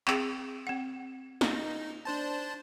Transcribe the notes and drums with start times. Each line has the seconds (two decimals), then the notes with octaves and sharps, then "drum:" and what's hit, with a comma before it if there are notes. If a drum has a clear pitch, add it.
0.08 C4 G#4, drum: clap
0.67 C4 F#5
1.41 D#4, drum: snare
2.05 D4 C5 A5